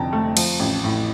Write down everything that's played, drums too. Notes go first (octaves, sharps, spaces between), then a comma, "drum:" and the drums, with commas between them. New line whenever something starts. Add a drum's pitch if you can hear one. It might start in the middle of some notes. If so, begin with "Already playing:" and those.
Already playing: F1 F2 D3 G5 A5 A#5
A3
F3, drum: cymbal
A1
A2